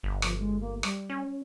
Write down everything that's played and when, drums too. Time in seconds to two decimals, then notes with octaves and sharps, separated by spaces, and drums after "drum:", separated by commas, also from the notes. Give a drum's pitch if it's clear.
0.03 G1
0.22 F3, drum: rim click
0.39 G#3
0.61 A#3
0.83 G3, drum: rim click
1.09 C#4